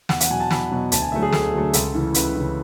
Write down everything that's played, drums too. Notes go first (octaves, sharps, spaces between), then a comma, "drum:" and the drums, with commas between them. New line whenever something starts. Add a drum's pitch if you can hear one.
E2 F#5, drum: snare
F#5, drum: hi-hat
B2 F#3 G#5
A5
E2 B5, drum: snare
B2 F#3
D2 A5, drum: hi-hat
G#5
D3 F#3 A3 E5
G#4
D2 A4, drum: snare
D3 F#3 A3
C#2 A4, drum: hi-hat
C#3 E3
C#2 B4, drum: hi-hat
C#3 E3